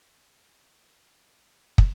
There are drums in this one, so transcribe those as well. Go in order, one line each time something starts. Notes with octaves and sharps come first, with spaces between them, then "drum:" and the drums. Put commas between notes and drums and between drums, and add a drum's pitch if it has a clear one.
G5 C#6 G6
drum: kick